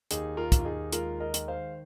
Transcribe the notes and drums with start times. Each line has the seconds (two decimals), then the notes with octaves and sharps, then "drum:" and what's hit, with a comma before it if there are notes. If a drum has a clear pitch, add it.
0.11 D#2 D#4 G#4, drum: hi-hat
0.37 F4 A#4
0.52 D#2, drum: kick, hi-hat
0.59 F4
0.65 D#4 G#4
0.93 G#3 F4 A#4, drum: hi-hat
1.20 A#4 D#5
1.34 D#3, drum: hi-hat
1.48 C5 F5